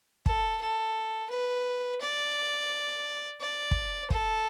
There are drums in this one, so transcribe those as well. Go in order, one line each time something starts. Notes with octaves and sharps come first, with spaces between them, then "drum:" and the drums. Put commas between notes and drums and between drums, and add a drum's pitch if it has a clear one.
A4, drum: kick
A4
B4
D5
D5
drum: kick
A4, drum: kick